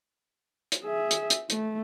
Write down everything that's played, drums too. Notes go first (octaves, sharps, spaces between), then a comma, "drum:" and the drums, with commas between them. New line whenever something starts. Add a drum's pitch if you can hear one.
drum: hi-hat
G#4 E5
drum: hi-hat
drum: hi-hat
A3, drum: hi-hat